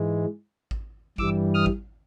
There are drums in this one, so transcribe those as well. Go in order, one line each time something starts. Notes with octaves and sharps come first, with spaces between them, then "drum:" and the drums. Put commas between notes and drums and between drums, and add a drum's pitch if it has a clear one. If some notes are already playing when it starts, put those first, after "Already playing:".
Already playing: G#2 E3 G#3
drum: kick G#1
G2 E3 G3 D6 E6, drum: kick G#1
D#6 F6
drum: kick G#1